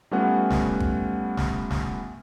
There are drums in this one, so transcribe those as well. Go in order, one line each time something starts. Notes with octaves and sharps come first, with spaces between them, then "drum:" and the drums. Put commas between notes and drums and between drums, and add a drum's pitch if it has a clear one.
G3 A3 B3 C#4 F4 F#5
drum: snare
drum: kick
drum: snare
drum: snare